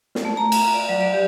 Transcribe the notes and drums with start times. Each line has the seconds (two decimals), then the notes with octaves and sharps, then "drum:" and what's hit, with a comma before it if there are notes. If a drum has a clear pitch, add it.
0.15 drum: snare
0.25 A3
0.37 A#5
0.52 A#5, drum: cymbal
0.74 D5
0.89 F#3
1.01 D5
1.14 G4